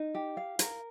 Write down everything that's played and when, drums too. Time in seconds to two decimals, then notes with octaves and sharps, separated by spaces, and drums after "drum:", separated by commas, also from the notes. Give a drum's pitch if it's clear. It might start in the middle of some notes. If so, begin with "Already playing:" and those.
Already playing: D#4
0.15 G4
0.37 F5
0.59 A#4, drum: hi-hat